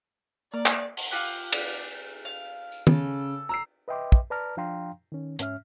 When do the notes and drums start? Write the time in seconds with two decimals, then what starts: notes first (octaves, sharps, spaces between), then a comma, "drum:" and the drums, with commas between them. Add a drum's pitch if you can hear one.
0.54 A#3 D5
0.66 drum: clap
0.97 drum: open hi-hat
1.11 F4 G4 F#5
1.52 drum: cymbal
2.25 F5
2.72 drum: tambourine
2.87 C#3 A4, drum: tom
3.49 A#5 E6 C7
3.88 B4 D#5 E5 G5 C6 D6
4.12 drum: kick
4.30 B4 D5 A5 A#5 F6
4.57 F3 D4 F5 G5 A#5 C6
5.12 D#3 C#4
5.39 G#2 C#4 E5 F6, drum: hi-hat